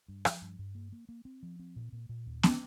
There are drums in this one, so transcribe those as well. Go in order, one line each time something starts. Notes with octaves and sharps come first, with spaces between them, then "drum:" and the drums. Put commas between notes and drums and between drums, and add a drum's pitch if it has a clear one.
G2
F3, drum: rim click
G2
G2
A#3
A#3
A#3
C4
F3
C4
A#2
A#2
A#2
D#2
C4, drum: snare B3